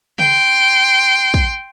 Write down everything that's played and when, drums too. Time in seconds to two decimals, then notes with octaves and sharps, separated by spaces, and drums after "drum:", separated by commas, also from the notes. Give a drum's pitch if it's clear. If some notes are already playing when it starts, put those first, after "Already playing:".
0.19 G5 C6, drum: tom C#3
1.34 drum: kick